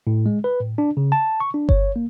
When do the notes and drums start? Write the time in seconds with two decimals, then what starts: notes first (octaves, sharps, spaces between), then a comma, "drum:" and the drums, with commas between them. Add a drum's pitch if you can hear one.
0.07 A2
0.26 G#3
0.44 B4
0.60 A2
0.78 D4
0.97 C#3
1.12 A5
1.40 C#6
1.54 D4
1.69 C#5, drum: kick G1
1.96 A#3